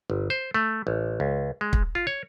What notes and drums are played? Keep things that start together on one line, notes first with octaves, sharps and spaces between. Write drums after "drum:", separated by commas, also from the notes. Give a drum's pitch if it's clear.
G1
C5
A3
A1
C#2
G#3
drum: kick
F4
C#5